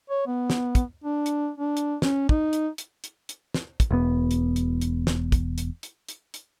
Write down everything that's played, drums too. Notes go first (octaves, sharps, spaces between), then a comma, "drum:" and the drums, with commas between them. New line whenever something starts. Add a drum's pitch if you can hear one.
C#5
B3
drum: snare
drum: kick, hi-hat
D4
drum: hi-hat
D4
drum: hi-hat
C#4, drum: snare
D#4, drum: kick
drum: hi-hat
drum: hi-hat
drum: hi-hat
drum: hi-hat
drum: snare
drum: kick, hi-hat
E1 B3
drum: hi-hat
drum: hi-hat
drum: hi-hat
drum: snare
drum: kick, hi-hat
drum: hi-hat
drum: hi-hat
drum: hi-hat
drum: hi-hat